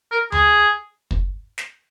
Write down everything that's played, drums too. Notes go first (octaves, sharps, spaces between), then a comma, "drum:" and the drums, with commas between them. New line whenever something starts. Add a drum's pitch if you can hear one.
A#4
G#4, drum: tom D2
drum: kick
drum: snare